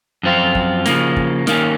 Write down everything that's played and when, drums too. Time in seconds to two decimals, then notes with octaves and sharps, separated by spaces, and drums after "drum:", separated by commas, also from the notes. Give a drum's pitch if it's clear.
0.23 F#2 F3 C4 F4
0.55 drum: kick
0.86 C#3 F3 A#3, drum: snare
1.16 drum: kick
1.47 D#3 A#3 C#4, drum: snare